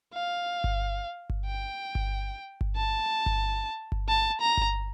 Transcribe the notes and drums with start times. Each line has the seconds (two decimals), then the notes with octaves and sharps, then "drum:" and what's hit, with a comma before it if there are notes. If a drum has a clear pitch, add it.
0.14 F5
0.64 drum: kick G1
1.30 drum: kick G1
1.46 G5
1.95 drum: kick G1
2.61 drum: kick G1
2.77 A5
3.26 drum: kick G1
3.92 drum: kick G1
4.08 A5
4.41 A#5
4.57 drum: kick G1